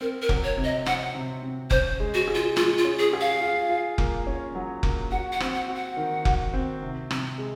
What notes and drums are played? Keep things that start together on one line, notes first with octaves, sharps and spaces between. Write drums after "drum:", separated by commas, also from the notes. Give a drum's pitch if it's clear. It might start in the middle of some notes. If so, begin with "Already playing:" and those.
C4 A#4
A#4
F#3, drum: kick F1
C#5
C3
D#5
C4 F#5, drum: rim click
C3
C3
C#4 C5, drum: kick F1
G#3
F#4
G#4
F4
G#3 F4, drum: rim click
F4
C#4
G#4
G#4
F5
F4
F4
A#3, drum: kick F1
C#4
F#3
A#3, drum: kick F1
F#4 F#5
F#5
C4, drum: rim click
F#5
F#4
F#5
D#3
F#4, drum: kick F1
C4
C3
C3, drum: rim click
G#3